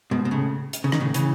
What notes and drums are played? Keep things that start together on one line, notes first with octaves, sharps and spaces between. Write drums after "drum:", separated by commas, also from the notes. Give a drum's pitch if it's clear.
G#2 B2
B2
A2 C#3
drum: hi-hat
C#3
D#3, drum: rim click
A2 C#3
C#3 E3, drum: hi-hat